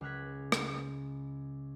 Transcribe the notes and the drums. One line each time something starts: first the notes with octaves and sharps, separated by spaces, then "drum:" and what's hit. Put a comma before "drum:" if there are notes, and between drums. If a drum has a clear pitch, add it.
C#2 F6 F#6 G#6 B6
drum: rim click